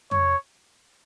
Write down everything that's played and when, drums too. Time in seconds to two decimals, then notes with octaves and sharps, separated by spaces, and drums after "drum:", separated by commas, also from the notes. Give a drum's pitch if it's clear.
0.11 C#5, drum: tom F2